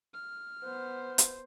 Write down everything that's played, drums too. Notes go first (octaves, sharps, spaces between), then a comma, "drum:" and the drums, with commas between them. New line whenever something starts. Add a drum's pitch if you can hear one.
F6
B3 C5
drum: hi-hat